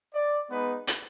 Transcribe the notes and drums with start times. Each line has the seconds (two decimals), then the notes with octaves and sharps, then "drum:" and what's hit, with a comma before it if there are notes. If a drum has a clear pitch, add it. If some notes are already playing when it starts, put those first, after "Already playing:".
0.13 D5
0.49 G#3 B3 D#4 B4
0.87 drum: hi-hat